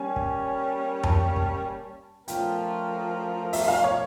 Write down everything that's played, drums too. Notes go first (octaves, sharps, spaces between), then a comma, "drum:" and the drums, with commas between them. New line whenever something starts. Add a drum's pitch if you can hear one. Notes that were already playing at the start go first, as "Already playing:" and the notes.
Already playing: G3 A#3 C#4 G#5
drum: kick
A5, drum: tom F2
drum: kick
F3 A3 C#4 F4 A#4 G5, drum: hi-hat
E5, drum: open hi-hat
F5
C#5